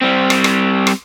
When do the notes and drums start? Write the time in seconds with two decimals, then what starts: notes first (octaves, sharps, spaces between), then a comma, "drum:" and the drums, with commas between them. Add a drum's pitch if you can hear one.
0.02 G3 C4
0.30 drum: rim click
0.44 drum: rim click
0.87 drum: rim click